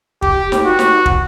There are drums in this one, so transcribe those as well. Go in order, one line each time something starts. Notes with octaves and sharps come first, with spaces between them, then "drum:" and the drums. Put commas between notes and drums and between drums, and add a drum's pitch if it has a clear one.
G4, drum: kick
drum: snare
F#4
drum: snare
drum: kick